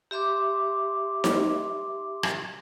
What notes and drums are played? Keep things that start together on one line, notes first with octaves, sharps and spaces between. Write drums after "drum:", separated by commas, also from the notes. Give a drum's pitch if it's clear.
G4 E5 C6 D6
drum: snare D#4
drum: rim click